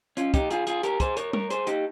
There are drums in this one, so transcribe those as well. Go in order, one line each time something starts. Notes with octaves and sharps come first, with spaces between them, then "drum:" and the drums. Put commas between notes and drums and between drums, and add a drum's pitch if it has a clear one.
C#4 F4, drum: hi-hat
D#4 G4, drum: kick, hi-hat
F4 G#4, drum: hi-hat
F4 G#4, drum: hi-hat
G4 A#4, drum: hi-hat
G#4 C5, drum: kick, hi-hat
A#4 C#5, drum: hi-hat
A#4 C#5, drum: tom G3
G#4 C5, drum: hi-hat
D#4 G4, drum: hi-hat